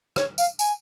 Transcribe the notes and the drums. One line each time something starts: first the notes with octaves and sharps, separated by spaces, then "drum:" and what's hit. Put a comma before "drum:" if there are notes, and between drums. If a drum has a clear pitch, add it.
C#5, drum: rim click
F5, drum: tambourine
G#5, drum: tambourine